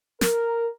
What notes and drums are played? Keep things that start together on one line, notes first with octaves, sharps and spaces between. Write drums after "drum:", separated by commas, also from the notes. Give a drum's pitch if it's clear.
A#4, drum: snare